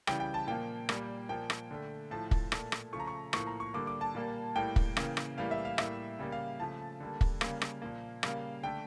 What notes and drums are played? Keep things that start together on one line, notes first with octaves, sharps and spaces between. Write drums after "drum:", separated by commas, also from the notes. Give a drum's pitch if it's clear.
C#3 E3 G3 G5, drum: rim click
G5
A5
A#2 F3 A#3 G5
A#2 G3 A#3, drum: rim click
A#2 F3 A#3 G5
drum: rim click
D3 A3
A2 F3 A3 A5
drum: kick
A#2 A3, drum: rim click
drum: rim click
C#3 F3 A3 C#6
A#5
C#6
A2 F3 A#3 C#6, drum: rim click
A#5
C#6
D3 G3 A#3 D6
D6
A5
A#2 G3 A#3
A2 G3 A#3 G5
drum: kick
C#3 E3 A#3, drum: rim click
drum: rim click
A2 E3 G3 A#3 F5
E5
F5
A2 G3 A#3 E5, drum: rim click
C#3 G3 A#3
F5
C#3 F3 A3 A5
D3 G3 A#3
drum: kick
C#3 G3 A#3 F5, drum: rim click
drum: rim click
A#2 F3 A#3
C#3 G3 A#3 F5, drum: rim click
D3 A3 G5